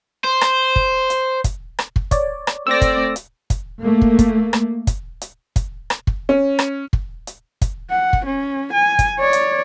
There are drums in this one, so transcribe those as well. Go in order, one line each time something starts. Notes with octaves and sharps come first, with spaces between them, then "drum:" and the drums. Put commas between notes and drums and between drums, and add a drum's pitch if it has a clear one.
C5
drum: rim click
drum: kick
drum: hi-hat
drum: kick, hi-hat
drum: rim click
drum: kick
C#5 D5, drum: kick, hi-hat
drum: rim click
A3 C4 D5 E6 A#6
drum: kick, hi-hat
drum: hi-hat
drum: kick, hi-hat
A3 A#3
drum: kick
drum: kick, hi-hat
drum: rim click
drum: kick, hi-hat
drum: hi-hat
drum: kick, hi-hat
drum: rim click
drum: kick
C#4
drum: rim click
drum: kick
drum: hi-hat
drum: kick, hi-hat
F#5
drum: kick
C#4
G#5
drum: kick, hi-hat
C#5 D5
drum: hi-hat